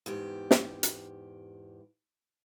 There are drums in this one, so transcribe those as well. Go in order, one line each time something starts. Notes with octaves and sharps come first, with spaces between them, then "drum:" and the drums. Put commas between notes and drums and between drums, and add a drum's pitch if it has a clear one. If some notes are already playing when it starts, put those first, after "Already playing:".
E2 G#2 G4
drum: snare
drum: hi-hat